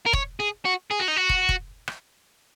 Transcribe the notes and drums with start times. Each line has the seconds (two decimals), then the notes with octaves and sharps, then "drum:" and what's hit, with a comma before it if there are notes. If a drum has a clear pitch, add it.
0.06 A#4
0.13 C#5, drum: kick
0.40 G#4
0.65 F#4
0.91 G#4
0.99 F#4
1.08 D#4
1.16 F#4
1.29 drum: kick
1.49 drum: kick
1.88 drum: rim click